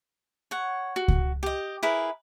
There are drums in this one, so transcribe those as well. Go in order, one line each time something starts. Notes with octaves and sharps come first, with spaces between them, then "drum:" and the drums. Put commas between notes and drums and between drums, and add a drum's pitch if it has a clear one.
C#5 F#5
F#4
drum: kick C#2
G4 D#5
E4 G#4 A#4 B4